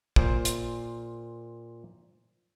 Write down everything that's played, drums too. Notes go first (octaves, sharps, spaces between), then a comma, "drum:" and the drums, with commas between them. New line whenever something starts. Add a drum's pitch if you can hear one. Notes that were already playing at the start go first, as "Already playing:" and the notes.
A#2 C5, drum: kick
drum: hi-hat